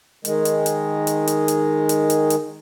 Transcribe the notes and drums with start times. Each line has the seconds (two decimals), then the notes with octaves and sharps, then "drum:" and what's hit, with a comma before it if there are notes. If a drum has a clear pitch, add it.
0.25 D#3 G#3, drum: hi-hat
0.45 drum: hi-hat
0.66 drum: hi-hat
1.07 drum: hi-hat
1.27 drum: hi-hat
1.48 drum: hi-hat
1.89 drum: hi-hat
2.10 drum: hi-hat
2.30 drum: hi-hat